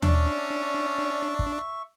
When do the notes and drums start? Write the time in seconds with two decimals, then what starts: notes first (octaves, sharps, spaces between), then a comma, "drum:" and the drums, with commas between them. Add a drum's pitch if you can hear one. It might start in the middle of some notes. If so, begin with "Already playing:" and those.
0.02 C#4 D4 D5 E5 C#6, drum: tom D#2
1.39 drum: kick